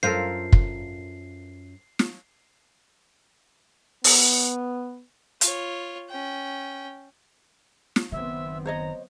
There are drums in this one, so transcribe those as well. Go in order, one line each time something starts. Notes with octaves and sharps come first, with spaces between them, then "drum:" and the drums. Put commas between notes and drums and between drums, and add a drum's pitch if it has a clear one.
F#2 F4 A4 A#4 C5 C7
drum: kick
drum: snare
B3, drum: open hi-hat
F4 C#5, drum: hi-hat
C#4 G5
drum: snare
F#1 D#3 F#3 B3 C4 E5
C5 C#5 D#5 A#5